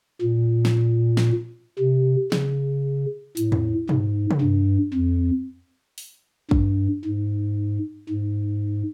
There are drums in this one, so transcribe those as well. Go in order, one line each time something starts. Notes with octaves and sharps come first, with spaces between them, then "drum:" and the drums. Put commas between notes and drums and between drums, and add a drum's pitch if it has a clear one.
A#2
drum: snare
drum: snare
C3
C#3, drum: snare
A2, drum: hi-hat
drum: tom E2
G#2, drum: tom A#2
drum: tom C3
G2
F2
drum: open hi-hat
G2, drum: kick
G#2
G#2